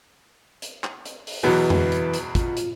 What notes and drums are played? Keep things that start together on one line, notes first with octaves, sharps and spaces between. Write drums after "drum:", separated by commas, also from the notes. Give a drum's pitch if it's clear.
drum: hi-hat
drum: clap
drum: hi-hat
drum: open hi-hat
E2 B2 E3 F#3 B4
drum: tom F2
drum: hi-hat
drum: hi-hat
F4, drum: kick, hi-hat
drum: hi-hat